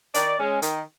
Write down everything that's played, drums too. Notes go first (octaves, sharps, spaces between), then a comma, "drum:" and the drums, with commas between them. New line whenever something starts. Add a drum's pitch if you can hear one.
D#3 D5, drum: hi-hat
G#3 C#4
D#3, drum: hi-hat